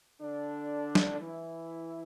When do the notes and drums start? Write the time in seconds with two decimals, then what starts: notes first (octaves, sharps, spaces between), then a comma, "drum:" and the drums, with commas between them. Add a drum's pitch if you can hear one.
0.21 D3 D4
0.95 drum: snare
1.20 E3 E4